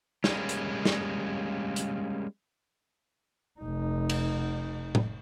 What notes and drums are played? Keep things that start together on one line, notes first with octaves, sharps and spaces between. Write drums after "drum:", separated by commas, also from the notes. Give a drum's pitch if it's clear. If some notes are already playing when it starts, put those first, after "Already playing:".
G3 G#3 A#3 C#4, drum: snare
drum: hi-hat
drum: snare
drum: hi-hat
F1 D#4
drum: cymbal
drum: tom A2